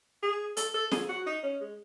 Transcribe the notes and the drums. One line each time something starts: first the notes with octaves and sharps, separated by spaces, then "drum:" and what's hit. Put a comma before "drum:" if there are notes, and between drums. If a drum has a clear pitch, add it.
G#4
A4, drum: hi-hat
A4
G#4, drum: snare
F#4
D#4
C#4
G#3